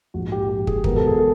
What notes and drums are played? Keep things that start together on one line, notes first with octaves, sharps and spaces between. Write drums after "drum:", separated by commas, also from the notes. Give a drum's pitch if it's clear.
A#1 G#2 F3 F#4
G4
G4
G#4, drum: kick
E2 B2 G#3 B3 A#4, drum: kick
A4
G#4
A4